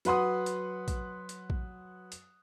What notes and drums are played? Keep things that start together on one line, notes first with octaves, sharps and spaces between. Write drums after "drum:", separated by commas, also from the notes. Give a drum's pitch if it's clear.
F#3 B4 F#5 C6 D#6, drum: hi-hat
drum: hi-hat
drum: kick, hi-hat
drum: hi-hat
drum: kick
drum: hi-hat